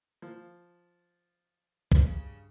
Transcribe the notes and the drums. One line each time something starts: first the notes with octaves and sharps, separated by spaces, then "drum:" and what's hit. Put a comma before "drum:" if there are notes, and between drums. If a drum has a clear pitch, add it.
F3
G2 C#3, drum: kick B1